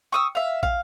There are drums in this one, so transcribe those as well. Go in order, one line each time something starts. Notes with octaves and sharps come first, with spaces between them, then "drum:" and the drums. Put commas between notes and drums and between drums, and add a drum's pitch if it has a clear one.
C#6 D#6 E6
E5 F5
F5, drum: kick